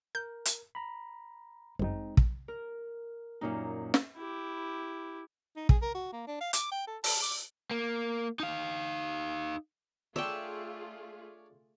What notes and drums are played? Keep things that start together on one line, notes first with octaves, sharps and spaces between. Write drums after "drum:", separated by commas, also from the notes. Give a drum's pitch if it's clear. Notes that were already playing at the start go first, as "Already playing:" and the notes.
A#4 G6
drum: hi-hat
A#5 B5
G1 F#2 G#3 C4 D#4
drum: kick
A#4
F#2 A#2 D#4
drum: snare
E4 G4
D#4
G#4, drum: kick
A#4
F#4
A#3
D4
F5
D6, drum: hi-hat
G5
A4
A5, drum: open hi-hat
D6
A#3
D#4 F5
A3 D4 F4 G#4 C#5 D5 E5 G5